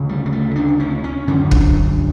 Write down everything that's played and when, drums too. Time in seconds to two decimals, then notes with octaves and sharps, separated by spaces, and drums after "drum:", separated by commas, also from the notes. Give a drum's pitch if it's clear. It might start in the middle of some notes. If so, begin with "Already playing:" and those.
Already playing: D2 C#3
0.09 G3
0.26 G3
0.32 A3
0.56 D4
0.80 C#4
1.04 C#4
1.27 F#2 D3 C#4
1.51 D4, drum: kick